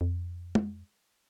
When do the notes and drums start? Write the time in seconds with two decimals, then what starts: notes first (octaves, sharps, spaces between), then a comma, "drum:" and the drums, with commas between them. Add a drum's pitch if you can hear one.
0.01 F2
0.55 drum: tom